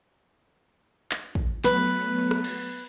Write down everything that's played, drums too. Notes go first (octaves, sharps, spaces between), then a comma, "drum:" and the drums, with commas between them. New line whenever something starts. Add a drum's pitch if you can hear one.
drum: clap
drum: kick
F#3 A3 B3 B4, drum: snare
drum: rim click
drum: cymbal